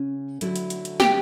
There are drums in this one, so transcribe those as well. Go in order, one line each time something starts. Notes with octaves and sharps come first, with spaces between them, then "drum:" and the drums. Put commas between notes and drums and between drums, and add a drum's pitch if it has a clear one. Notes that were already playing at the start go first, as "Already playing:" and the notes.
Already playing: C#3 C#4
D3 F#3 A3 E4, drum: hi-hat
drum: hi-hat
drum: hi-hat
drum: hi-hat
G4, drum: snare